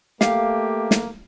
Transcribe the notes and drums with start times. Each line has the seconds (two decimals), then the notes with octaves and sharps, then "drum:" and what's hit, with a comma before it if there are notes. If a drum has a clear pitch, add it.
0.21 A3 A#3 G4 F5, drum: snare
0.91 drum: snare